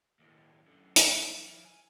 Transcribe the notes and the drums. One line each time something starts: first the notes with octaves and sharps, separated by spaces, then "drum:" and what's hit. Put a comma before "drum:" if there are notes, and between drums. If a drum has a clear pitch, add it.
D#2 A2
F#2 D3
drum: hi-hat
F3 E4
G#5